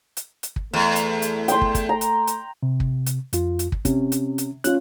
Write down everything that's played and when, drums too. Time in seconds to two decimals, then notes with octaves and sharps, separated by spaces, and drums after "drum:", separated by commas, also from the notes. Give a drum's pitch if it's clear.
0.17 drum: hi-hat
0.43 drum: hi-hat
0.56 drum: kick
0.74 E2 A3
0.96 drum: hi-hat
1.22 drum: hi-hat
1.48 G5 C6, drum: hi-hat
1.61 drum: kick
1.75 drum: kick, hi-hat
1.89 A#5
2.01 drum: hi-hat
2.27 drum: hi-hat
2.63 C3
2.80 drum: kick
3.06 drum: hi-hat
3.33 F2 F4, drum: hi-hat
3.59 drum: hi-hat
3.72 drum: kick
3.85 C3 C#4, drum: kick, hi-hat
4.12 drum: hi-hat
4.38 drum: hi-hat
4.64 C#4 F4 F#6, drum: hi-hat